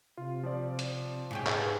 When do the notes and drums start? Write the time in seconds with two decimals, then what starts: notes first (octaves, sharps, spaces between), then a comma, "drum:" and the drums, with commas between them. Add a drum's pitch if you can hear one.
0.17 C3 F4
0.43 F3 C4 D5
0.79 drum: hi-hat
1.31 G#2 C#3 G4
1.47 B4, drum: clap